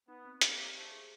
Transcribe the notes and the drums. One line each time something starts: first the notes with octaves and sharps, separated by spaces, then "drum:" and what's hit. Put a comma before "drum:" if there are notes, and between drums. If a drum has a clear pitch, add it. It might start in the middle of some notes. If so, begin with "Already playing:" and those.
B3 D#4
C4
A#3 G4, drum: hi-hat
C5
A3 C5
G#4